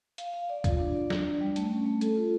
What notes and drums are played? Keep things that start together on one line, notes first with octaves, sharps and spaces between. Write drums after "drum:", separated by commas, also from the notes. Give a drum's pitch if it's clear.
F5, drum: hi-hat
F5
D5
F4, drum: kick, hi-hat
D4
D5
D4, drum: snare
D4
G3
A3, drum: hi-hat
C#4
A3
A4, drum: hi-hat
F4